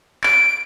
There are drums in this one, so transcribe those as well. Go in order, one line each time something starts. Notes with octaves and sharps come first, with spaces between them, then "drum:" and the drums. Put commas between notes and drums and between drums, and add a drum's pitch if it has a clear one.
D7, drum: clap